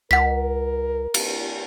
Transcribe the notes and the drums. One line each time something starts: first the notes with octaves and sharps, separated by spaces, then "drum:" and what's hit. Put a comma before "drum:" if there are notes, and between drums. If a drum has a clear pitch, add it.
C#2 A#4 F#5 B6
drum: cymbal